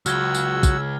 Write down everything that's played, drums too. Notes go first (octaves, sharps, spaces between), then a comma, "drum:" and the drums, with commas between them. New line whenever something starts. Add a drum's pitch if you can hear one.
C#2 F#3 F#4 E6 F6 G#6 G7, drum: tambourine
drum: tambourine
drum: kick, tambourine